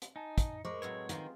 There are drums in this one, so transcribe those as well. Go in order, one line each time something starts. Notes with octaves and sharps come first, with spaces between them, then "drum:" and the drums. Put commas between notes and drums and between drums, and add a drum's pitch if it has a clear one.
drum: hi-hat
D#4 G#5 A5
drum: kick, hi-hat
G#3 A#4 C5 C#6 D6
A2 F#3 C4 B4 C#5
D#3 G#3 F4 G4, drum: hi-hat